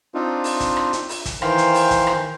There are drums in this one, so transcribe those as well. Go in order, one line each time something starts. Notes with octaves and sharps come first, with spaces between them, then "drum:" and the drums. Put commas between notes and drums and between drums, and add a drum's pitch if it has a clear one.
C4 D4 D#4 F4
drum: open hi-hat
drum: kick, hi-hat
drum: rim click
drum: hi-hat
drum: open hi-hat
drum: kick, hi-hat
D#3 E3 C5 F5 G5, drum: rim click
drum: hi-hat
drum: open hi-hat
drum: kick, hi-hat
drum: rim click